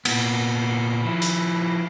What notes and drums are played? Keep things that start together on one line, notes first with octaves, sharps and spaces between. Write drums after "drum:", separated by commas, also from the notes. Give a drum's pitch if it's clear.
A#2 B3, drum: cymbal
F3 E4
drum: hi-hat